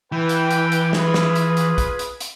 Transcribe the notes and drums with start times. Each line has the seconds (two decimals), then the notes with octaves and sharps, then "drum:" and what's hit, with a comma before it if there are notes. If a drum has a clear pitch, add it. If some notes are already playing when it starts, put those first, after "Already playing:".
0.12 E3 B4 G5
0.29 drum: hi-hat
0.51 drum: hi-hat
0.72 drum: hi-hat
0.93 F4 G#4 B4, drum: snare
1.14 drum: snare
1.35 drum: hi-hat
1.57 drum: hi-hat
1.78 drum: kick, hi-hat
1.99 drum: hi-hat
2.20 drum: hi-hat